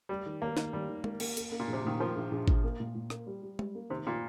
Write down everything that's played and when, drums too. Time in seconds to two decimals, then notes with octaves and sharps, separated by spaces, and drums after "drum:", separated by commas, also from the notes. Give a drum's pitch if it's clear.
0.09 G3 G4
0.26 D#3
0.42 D#2 A#3
0.57 D#3, drum: snare
0.73 D#2 G3
0.89 D#3
1.04 A#3, drum: tom G#3
1.20 A#3, drum: cymbal
1.37 A#3, drum: hi-hat
1.52 A#3
1.60 A#2
1.68 A#1
1.73 C3
1.85 A#2 D#3
1.99 F3 A#3
2.16 A#1
2.31 A#1
2.48 A#1, drum: kick G#1
2.64 A#3
2.80 A#2
2.95 A#2
3.10 A#3, drum: rim click
3.26 G3
3.42 G3
3.59 G3, drum: tom G#3
3.75 A#3
3.90 C3 D#3
4.07 A#2 F4